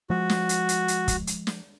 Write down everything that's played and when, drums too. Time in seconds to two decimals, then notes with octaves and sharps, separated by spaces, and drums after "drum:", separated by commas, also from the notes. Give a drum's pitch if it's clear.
0.10 F3 G#3 F#4
0.30 drum: snare
0.49 drum: hi-hat
0.69 drum: hi-hat
0.88 drum: hi-hat
1.08 drum: kick, hi-hat
1.27 drum: hi-hat
1.47 drum: snare